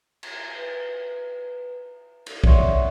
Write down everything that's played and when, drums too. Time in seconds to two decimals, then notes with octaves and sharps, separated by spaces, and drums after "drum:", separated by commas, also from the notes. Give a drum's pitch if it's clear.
0.23 drum: cymbal
0.56 B4
2.26 drum: cymbal
2.44 C#5 D5 E5 F#5 C6 C#6, drum: kick B1